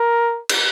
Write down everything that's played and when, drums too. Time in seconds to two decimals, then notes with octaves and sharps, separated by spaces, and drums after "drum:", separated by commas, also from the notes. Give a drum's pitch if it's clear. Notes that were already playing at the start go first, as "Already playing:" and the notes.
Already playing: A#4
0.49 drum: cymbal